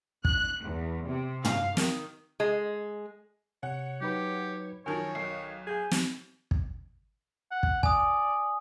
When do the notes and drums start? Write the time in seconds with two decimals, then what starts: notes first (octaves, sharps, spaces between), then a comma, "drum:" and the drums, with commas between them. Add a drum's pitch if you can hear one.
0.25 F#6, drum: kick
0.62 E2
1.06 C3
1.45 F5, drum: tom
1.77 D#3, drum: snare
2.40 G#3
3.63 C3 C#5 F#5
4.01 F#3 D#4 G4 B4
4.86 F#2 D#3 F3 A#4 C#5 G#5 A5
5.15 B1 D#3 C7
5.67 G#4 G#5 G6 G#6
5.91 drum: snare
6.51 drum: kick
7.51 F#5
7.63 drum: kick
7.83 D5 G#5 D#6, drum: kick